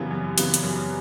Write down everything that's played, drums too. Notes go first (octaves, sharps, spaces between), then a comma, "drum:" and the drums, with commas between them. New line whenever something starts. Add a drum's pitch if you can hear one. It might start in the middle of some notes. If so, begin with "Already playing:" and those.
Already playing: F#2 C#3 E3 G3 B3
F#2
C#3 E3 G3 B3, drum: hi-hat
drum: hi-hat
F#2